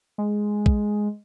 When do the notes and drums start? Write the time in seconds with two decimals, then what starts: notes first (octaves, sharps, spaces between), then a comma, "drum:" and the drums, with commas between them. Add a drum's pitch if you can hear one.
0.18 G#3
0.66 drum: kick